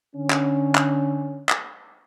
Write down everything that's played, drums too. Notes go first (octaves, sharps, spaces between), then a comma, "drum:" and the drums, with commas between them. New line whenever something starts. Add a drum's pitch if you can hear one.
D3 C#4
drum: clap
drum: clap
drum: clap